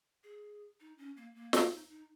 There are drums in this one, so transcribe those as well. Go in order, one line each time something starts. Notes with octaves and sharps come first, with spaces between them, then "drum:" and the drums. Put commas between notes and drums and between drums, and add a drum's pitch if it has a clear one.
G#4
D#4
C#4
A#3
A#3
A#3, drum: snare
D#4
D#4